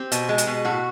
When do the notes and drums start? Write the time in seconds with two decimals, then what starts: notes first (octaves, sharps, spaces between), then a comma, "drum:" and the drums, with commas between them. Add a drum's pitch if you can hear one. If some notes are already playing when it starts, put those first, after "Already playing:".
Already playing: C4 G4
0.12 B2, drum: hi-hat
0.29 G#3
0.38 drum: hi-hat
0.47 B2
0.65 A2 F#4